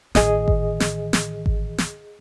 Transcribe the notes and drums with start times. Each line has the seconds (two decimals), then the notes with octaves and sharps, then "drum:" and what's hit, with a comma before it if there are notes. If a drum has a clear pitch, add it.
0.15 A1 D#3 G#4 D#5 D#6, drum: snare
0.48 drum: kick G#1
0.80 drum: snare
1.13 drum: snare
1.46 drum: kick G#1
1.78 drum: snare